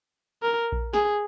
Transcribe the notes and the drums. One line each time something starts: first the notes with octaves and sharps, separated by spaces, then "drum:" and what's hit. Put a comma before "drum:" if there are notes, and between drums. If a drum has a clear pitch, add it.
A#4
drum: kick A#1
G#4, drum: snare